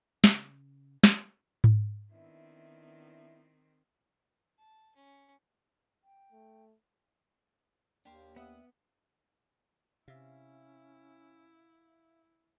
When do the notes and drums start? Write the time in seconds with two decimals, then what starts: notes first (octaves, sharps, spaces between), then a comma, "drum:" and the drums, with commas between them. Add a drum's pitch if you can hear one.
0.24 C#3, drum: snare
1.04 drum: snare
1.64 drum: tom G#2
2.12 D#3 B3 C4 D4 E4 E5
4.58 A5
4.96 C#4
6.04 G5
6.32 A3
8.05 D#2 A#3 D4 G4 C6
8.36 B3 E5 F#5 D#6
10.08 C3 C#4 E4 E5 F5